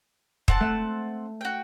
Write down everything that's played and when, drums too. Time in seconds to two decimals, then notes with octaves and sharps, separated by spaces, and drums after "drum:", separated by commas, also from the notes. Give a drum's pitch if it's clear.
0.48 C4 F#5 A5, drum: kick
0.60 A3 E7
1.41 F#4 G5